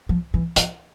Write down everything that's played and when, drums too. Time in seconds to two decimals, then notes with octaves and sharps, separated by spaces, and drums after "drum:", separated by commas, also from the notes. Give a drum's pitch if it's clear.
0.09 F3
0.34 E3
0.56 F3, drum: hi-hat